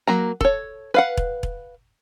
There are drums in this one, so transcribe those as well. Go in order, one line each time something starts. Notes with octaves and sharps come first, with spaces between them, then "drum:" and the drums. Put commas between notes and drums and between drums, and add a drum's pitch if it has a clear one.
F#3 A#3 A#5
A4 C#5, drum: kick E1
B4 F5 F#5
drum: kick E1
drum: kick E1